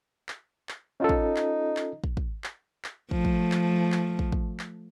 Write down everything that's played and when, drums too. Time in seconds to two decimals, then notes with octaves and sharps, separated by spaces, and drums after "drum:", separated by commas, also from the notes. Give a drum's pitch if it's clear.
0.29 drum: clap
0.69 drum: clap
1.00 C#4 D#4 F4 A4
1.09 drum: kick
1.36 drum: clap
1.77 drum: clap
2.04 drum: kick
2.17 drum: kick
2.44 drum: clap
2.84 drum: clap
3.11 F3 A3, drum: kick
3.25 drum: kick
3.52 drum: clap
3.92 drum: clap
4.19 drum: kick
4.32 drum: kick
4.59 drum: clap